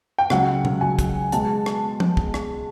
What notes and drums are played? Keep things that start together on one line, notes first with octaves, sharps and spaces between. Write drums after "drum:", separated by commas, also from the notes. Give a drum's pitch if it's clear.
G5
C#2 C#3 F#3 F#5, drum: rim click
drum: tom B2
C#2 C#3 F#3 G#5
drum: kick, hi-hat
B2 G#3 B3 A5, drum: hi-hat
drum: rim click
drum: tom
drum: kick
drum: rim click